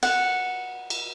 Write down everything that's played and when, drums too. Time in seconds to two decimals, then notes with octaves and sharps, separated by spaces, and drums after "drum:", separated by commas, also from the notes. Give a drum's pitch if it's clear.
0.03 F#5, drum: cymbal
0.90 drum: cymbal